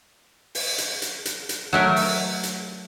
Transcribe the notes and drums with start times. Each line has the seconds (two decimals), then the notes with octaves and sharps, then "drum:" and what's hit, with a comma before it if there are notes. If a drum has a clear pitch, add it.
0.55 drum: open hi-hat
0.78 drum: hi-hat
1.02 drum: hi-hat
1.25 drum: hi-hat
1.49 drum: hi-hat
1.73 F#3 A3 A#4
1.96 drum: open hi-hat
2.43 drum: hi-hat